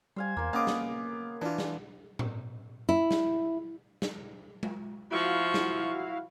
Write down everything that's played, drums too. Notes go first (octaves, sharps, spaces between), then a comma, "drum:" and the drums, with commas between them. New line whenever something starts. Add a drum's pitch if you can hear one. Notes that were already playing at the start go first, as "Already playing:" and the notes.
G3 C5 F5 G#5
E2 A#3 C5
C#3 A#3 B3 D#5 F5 D6
drum: snare
E3 D4 F4
drum: snare
drum: tom A2
E4
drum: snare
drum: snare
drum: tom G#3
F3 E4 F#4 F5 C#6
drum: snare